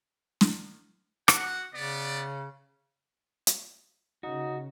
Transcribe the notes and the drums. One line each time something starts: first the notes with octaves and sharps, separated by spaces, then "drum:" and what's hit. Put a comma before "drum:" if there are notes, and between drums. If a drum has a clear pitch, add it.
drum: snare
F#4 F#5, drum: rim click
C#3 B3 D5
drum: hi-hat
C#3 D#4 F#4